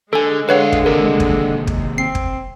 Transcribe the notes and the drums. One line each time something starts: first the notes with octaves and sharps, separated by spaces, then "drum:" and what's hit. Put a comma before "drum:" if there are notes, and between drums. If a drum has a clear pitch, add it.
D3 G#3 A4 G#5
D3 E4 B4 C#5 F5 F#5
drum: kick
D#2 C3 A#4
drum: kick
drum: kick
C4 C7
drum: kick